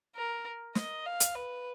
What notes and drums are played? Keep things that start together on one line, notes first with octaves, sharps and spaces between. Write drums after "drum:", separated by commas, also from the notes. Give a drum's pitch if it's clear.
A#4
D#5, drum: snare
F5
drum: hi-hat
B4